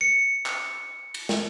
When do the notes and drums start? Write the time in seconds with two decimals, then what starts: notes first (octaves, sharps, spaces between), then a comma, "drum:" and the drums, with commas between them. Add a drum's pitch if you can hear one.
0.01 C#7
0.46 drum: clap
1.14 drum: cymbal
1.29 drum: snare